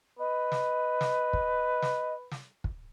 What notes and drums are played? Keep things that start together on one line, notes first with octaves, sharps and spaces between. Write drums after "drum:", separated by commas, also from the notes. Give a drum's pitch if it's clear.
B4 D#5
drum: snare
drum: snare
drum: kick
drum: snare
drum: snare
drum: kick